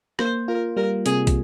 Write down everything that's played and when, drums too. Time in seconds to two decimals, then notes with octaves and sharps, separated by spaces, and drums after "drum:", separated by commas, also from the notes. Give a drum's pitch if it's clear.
0.19 A#3 C5, drum: rim click
0.48 F4 A#4
0.77 G3 A#4
1.06 C3 G#4, drum: hi-hat
1.27 drum: kick, hi-hat